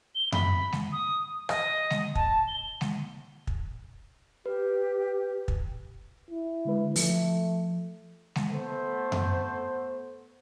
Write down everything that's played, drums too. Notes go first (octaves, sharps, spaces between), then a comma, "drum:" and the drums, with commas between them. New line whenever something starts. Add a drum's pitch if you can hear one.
G7
B5, drum: tom F#2
drum: snare G#3
D#6
D#5, drum: rim click
drum: snare G#3
A5, drum: kick
G7
drum: snare G#3
drum: kick
G4 B4
drum: kick
E4
D3 G#3 B4
F3 A3, drum: open hi-hat
drum: snare G#3
A3 B3 C5
drum: tom F#2